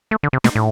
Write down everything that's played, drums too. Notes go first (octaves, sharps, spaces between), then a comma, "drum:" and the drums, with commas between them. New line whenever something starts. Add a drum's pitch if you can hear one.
A3
D3
C3
B2, drum: snare
A2